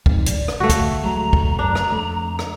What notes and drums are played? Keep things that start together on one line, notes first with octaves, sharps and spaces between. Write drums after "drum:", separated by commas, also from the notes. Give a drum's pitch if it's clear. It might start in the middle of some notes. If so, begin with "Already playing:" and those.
F2 G#2, drum: kick
D1 D5, drum: hi-hat
drum: rim click
D2 A3 F#4 F5
drum: kick, hi-hat
D2 F#3 G#3 A#5
drum: kick
F#2 D4
drum: rim click
F2 A3
drum: rim click